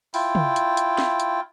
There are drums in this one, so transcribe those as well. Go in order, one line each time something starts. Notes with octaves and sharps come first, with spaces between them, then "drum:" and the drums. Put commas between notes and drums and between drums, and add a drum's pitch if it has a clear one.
E4 F4 G5, drum: open hi-hat
drum: tom
drum: hi-hat
drum: hi-hat
drum: snare
drum: hi-hat